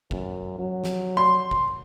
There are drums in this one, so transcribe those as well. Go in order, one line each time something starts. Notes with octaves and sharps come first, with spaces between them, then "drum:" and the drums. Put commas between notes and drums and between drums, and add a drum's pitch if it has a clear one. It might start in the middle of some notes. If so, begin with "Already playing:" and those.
F#2, drum: kick
F#3
drum: snare
C6
drum: kick